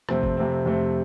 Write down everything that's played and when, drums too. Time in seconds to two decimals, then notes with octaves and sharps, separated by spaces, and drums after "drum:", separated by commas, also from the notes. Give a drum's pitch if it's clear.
0.09 F2 C3 A3 C4, drum: rim click
0.23 drum: kick G#1
0.37 F2 C3 A3 C4
0.66 F2 C3 A3 C4